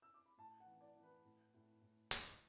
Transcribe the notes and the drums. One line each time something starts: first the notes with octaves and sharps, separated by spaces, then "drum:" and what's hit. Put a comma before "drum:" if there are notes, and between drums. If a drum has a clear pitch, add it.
E6
D6
B5
A2 A5
F#5
E3
D5
E3
B4
A2
A2
A2
E3, drum: hi-hat